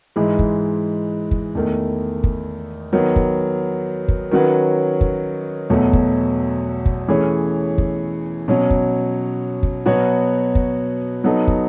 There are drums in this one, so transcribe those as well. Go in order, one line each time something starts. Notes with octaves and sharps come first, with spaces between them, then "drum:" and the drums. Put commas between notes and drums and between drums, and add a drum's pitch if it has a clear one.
G#2 E3 G#3
drum: kick
drum: kick
E2 D#3 A3
drum: kick
D#3 F#3 B3
drum: kick
drum: kick
D#3 F#3 C#4 F#4 B4
drum: kick
E2 B2 F#3 A3
drum: kick
drum: kick
E3 A3 C#4 G#4 C#5
drum: kick
B2 F#3 C#4
drum: kick
drum: kick
B2 F#3 B3 F#4 C#5
drum: kick
F#3 B3 D#4 A4
drum: kick